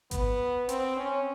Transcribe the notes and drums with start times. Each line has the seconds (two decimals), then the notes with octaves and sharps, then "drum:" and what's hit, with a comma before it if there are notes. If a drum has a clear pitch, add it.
0.11 B3, drum: kick G#1, hi-hat
0.69 C4, drum: hi-hat
0.96 C#4